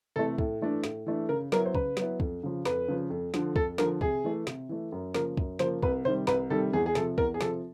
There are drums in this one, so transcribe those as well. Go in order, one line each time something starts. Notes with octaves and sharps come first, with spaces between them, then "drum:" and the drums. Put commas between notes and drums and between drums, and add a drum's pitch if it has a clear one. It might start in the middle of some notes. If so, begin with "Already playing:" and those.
C3 E3 A3 A4
A2, drum: kick
E3 A3 D4
A2, drum: snare
E3 A3 D4
C#3 A#4
F#3 B3 E4 A#4, drum: snare
C5
C#3 B4, drum: kick
F#3 B3 E4, drum: snare
F2, drum: kick
C#3 F3
F2 B4, drum: snare
C#3 F3
F2
D3 F3, drum: snare
F2 A4, drum: kick
D3 F3 A#4, drum: snare
C3 G#4, drum: kick
E3 A3
C3, drum: snare
E3 A3
F#2
C#3 F3 A#3 A#4, drum: snare
F#2, drum: kick
C#3 F3 A#3 C5, drum: snare
C2 B4, drum: kick
C3 D#3 G3 C5
C2 B4, drum: snare
C3 D#3 G3 A4
E2 G#4
G#4
C3 F3 A4, drum: snare
E2 A#4, drum: kick
G#4
C3 F3 A4, drum: snare